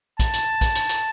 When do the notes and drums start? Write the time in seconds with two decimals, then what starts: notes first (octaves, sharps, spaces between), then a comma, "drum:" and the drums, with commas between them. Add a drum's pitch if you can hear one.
0.19 A5, drum: kick, hi-hat
0.33 drum: hi-hat
0.61 drum: kick, hi-hat
0.75 drum: hi-hat
0.89 drum: hi-hat